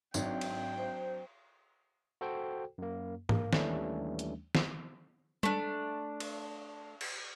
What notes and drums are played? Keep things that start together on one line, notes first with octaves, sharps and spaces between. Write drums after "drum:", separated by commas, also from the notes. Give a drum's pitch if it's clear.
G#1 F#3 D4 G5, drum: tambourine
drum: cymbal
C5
F#4 A4 C5 G5
F#2 A#3
A#3, drum: tom G#2
D#2 E3 G3 A3 C#4 D4, drum: snare
drum: hi-hat
drum: snare
A3 D4, drum: tom G3
drum: cymbal
drum: cymbal